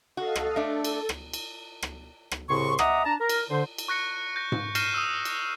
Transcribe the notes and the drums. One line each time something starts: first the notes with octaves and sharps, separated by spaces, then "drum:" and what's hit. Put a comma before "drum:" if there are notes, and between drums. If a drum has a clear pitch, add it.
F#4 A4 D#5 F5
drum: rim click
A3 D4 A4
drum: cymbal
drum: rim click
drum: cymbal
drum: rim click
drum: rim click
C2 A2 C#3 C6 C#6
D#5 E5 F#5 A#5 D6 D#6, drum: rim click
D4 A5 A#5
A#4
drum: cymbal
D3 C5
drum: cymbal
C#6 F#6 A#6 C#7
G6 A#6
drum: tom G#2
F6 G6 A#6 C7 D#7 E7, drum: cymbal
D#6 E6
drum: cymbal